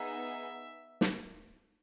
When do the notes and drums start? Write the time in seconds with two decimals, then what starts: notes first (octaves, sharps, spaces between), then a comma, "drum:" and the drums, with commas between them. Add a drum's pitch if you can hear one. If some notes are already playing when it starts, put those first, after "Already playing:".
Already playing: B3 D#4 G#4 E5
1.01 drum: snare